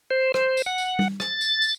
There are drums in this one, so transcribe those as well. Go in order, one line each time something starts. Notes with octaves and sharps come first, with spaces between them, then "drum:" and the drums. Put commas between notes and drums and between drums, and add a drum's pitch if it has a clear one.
C5
C5, drum: rim click
drum: tambourine
F#5
drum: tambourine
drum: tom G3
A6, drum: rim click
drum: tambourine
drum: tambourine